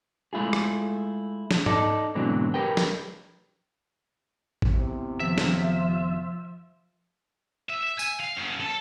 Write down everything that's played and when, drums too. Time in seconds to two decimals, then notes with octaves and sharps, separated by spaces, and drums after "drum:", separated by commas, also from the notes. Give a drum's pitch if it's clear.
0.33 G#3 A3 E4 F4 G#4
0.53 drum: rim click
1.51 drum: snare
1.66 D#4 A4 D5, drum: tom G#2
2.15 G#2 B2 D3 E3 F#3 C4
2.54 G4 A#4 B4 G5
2.77 drum: snare
4.62 drum: kick A1
4.72 A1 E2 C3 E3
5.20 F1 D#3 F3 B3 E5
5.38 drum: snare
7.70 E5
7.84 E5
7.99 G#5, drum: tambourine
8.20 F5
8.37 F#2 C#3
8.61 A4 A5